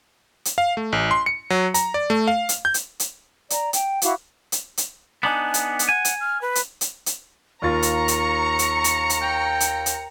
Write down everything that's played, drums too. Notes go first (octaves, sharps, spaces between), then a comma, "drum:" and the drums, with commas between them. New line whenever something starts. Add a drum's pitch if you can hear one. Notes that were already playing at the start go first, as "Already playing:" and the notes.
drum: hi-hat
F5
A3
A1
C6
C#7
F#3
A#5, drum: hi-hat
D5
A3
F5
drum: hi-hat
G6
drum: hi-hat
drum: hi-hat
D5 A#5, drum: hi-hat
G5, drum: hi-hat
E4 F#4 F5 D6, drum: hi-hat
drum: hi-hat
drum: hi-hat
B3 D4 D#4 G#5
drum: hi-hat
drum: hi-hat
F#5 G#5
drum: hi-hat
F6
B4
drum: hi-hat
drum: hi-hat
drum: hi-hat
D#2 F4 A#5 C#6 A6 C#7
drum: hi-hat
drum: hi-hat
drum: hi-hat
drum: hi-hat
drum: hi-hat
G5
drum: hi-hat
drum: hi-hat